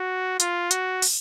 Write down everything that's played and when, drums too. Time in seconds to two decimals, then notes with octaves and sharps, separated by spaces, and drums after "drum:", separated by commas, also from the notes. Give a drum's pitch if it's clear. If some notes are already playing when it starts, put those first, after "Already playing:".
Already playing: F#4
0.40 F4, drum: hi-hat
0.71 F#4, drum: hi-hat
1.02 drum: open hi-hat